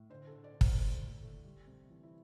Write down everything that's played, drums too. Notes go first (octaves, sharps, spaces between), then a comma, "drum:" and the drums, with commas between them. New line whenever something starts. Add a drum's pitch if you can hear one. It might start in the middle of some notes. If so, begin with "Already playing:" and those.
Already playing: A2
D3 C5
A4
D3
D5
D3
C5, drum: kick
A3 C5
A3
A3
G3
C3
E3
E4